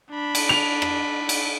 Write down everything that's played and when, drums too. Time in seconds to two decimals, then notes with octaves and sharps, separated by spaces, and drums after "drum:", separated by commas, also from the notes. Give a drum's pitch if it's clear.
0.11 D4 B5
0.35 drum: cymbal
0.49 F7
0.82 drum: rim click
1.29 drum: cymbal